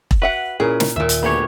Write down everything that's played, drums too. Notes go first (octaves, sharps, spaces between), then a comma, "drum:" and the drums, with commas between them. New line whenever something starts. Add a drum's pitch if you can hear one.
drum: kick E1
F#4 B4 E5 F#5
A#2 C#4 E4 G#4 A#4
A#3, drum: snare
D#2 A#2 E5
drum: hi-hat
D2 A#3 B3 G4 G#4 C#5